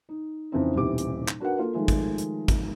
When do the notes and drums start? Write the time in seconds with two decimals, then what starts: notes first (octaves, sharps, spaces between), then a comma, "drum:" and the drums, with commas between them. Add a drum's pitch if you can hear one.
0.09 D#4
0.52 F2 C#3 E3 C4 D#4
0.74 D#1 B1 C3 E3 G4 D6
0.98 drum: hi-hat
1.28 drum: clap
1.40 D4 F#4 A#4 B4 F#5
1.58 A#3 F4 A4
1.74 D#3 F3 G#3 A3
1.88 drum: kick G#1, hi-hat
2.18 drum: hi-hat
2.48 drum: kick G#1, hi-hat